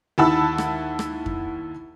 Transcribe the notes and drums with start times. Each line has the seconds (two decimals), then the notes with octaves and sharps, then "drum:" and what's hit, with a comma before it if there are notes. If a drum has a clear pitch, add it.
0.18 D#2 E4 F#5 A5 B5 E6
0.58 drum: rim click
0.99 drum: rim click
1.26 drum: kick F2